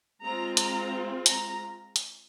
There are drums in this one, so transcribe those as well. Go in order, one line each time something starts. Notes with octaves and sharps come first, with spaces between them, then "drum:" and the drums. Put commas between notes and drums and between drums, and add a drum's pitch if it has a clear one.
G#3 C4 F4 A#5
A#5, drum: hi-hat
A#5, drum: hi-hat
drum: hi-hat